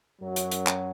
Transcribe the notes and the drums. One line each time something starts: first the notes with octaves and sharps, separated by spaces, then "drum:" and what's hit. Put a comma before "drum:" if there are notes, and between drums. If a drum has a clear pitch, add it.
F#2 F#3
drum: hi-hat
drum: hi-hat
drum: clap